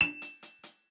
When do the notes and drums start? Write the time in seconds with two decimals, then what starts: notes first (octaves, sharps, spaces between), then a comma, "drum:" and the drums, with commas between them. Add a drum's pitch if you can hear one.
0.01 E7
0.22 drum: hi-hat
0.43 drum: hi-hat
0.63 drum: hi-hat